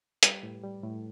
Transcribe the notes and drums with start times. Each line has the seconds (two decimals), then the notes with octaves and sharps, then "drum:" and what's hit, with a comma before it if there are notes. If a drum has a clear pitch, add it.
0.23 G3 G4 B4, drum: hi-hat
0.43 A2
0.63 G3
0.83 A2